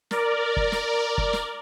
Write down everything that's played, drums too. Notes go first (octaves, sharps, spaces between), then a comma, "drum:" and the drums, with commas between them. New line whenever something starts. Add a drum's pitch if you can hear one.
A#4 D5, drum: snare
drum: kick
drum: snare
drum: kick
drum: snare